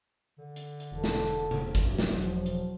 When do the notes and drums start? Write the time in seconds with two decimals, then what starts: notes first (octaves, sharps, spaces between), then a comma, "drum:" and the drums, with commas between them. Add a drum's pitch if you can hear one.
0.38 D3
0.56 drum: hi-hat
0.80 drum: hi-hat
0.92 E1 A4
1.04 drum: snare
1.27 drum: hi-hat
1.51 drum: tom C3
1.75 drum: kick, hi-hat
1.84 G2 F#3
1.99 drum: snare
2.22 F3, drum: hi-hat
2.46 drum: hi-hat